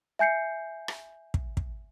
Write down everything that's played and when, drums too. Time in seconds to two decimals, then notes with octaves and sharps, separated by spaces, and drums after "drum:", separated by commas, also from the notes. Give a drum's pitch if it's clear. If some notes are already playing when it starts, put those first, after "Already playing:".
0.19 E5 G#5 G6 C7 C#7
0.88 drum: rim click
1.34 drum: kick
1.57 drum: kick